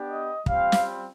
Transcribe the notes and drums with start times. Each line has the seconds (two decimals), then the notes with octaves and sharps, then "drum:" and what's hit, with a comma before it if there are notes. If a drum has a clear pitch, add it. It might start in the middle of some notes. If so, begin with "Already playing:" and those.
Already playing: B3 D4 G4
0.08 D#5
0.46 G3 C4 F4 F5, drum: kick
0.72 drum: snare